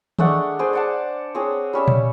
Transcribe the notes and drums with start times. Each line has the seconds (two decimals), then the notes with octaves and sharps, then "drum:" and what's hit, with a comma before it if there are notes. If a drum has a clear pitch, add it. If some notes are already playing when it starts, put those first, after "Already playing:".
0.19 G#3 A3 D4 F#5, drum: tom D#3
0.59 G#4 C5 D5
0.73 D5 F#5 A5
1.35 C4 G#4 C#5
1.73 G3 C#4 E5
1.88 drum: tom A#2